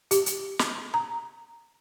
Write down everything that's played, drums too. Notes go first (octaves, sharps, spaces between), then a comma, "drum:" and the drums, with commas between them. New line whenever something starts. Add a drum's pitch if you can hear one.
G4, drum: hi-hat
drum: hi-hat
drum: snare
A#5